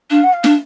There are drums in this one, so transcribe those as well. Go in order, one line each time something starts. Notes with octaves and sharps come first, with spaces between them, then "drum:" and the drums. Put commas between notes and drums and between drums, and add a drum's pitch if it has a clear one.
D4 F5
F#5
F5
D4, drum: snare